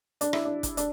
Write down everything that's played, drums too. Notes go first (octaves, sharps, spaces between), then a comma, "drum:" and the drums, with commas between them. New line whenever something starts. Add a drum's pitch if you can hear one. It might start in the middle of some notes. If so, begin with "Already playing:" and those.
D4, drum: hi-hat
E4, drum: rim click
D4
drum: kick, hi-hat
D4, drum: hi-hat